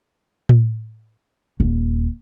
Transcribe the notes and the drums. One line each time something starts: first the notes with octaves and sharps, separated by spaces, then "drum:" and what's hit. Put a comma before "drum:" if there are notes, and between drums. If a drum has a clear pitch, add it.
drum: tom A2
D#1